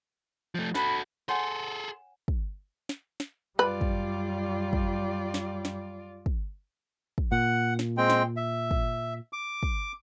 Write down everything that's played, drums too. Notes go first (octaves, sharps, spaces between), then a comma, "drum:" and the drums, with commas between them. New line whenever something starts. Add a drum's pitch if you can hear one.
F3 A3
F#4 A4 B5, drum: snare
G#4 A4 C#5 F#5 G#5 C6
drum: kick
drum: snare
drum: snare
F#2 G3 F4 B4 D5
drum: kick
drum: kick
drum: snare
drum: snare
drum: kick
drum: kick
A#2 F#5
drum: snare
G#3 C4 G5
drum: snare
E5
drum: kick
D6
drum: kick